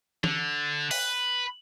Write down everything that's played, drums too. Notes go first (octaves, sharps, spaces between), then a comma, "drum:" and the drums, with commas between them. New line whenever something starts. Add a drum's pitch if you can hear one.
D3, drum: tom
B4, drum: open hi-hat